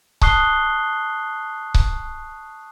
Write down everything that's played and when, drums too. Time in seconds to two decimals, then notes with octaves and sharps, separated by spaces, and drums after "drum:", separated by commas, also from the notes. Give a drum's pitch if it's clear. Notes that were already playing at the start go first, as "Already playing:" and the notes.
0.21 A5 C#6 D#6 F#6 C7 G7, drum: kick C#1
1.74 drum: kick C#1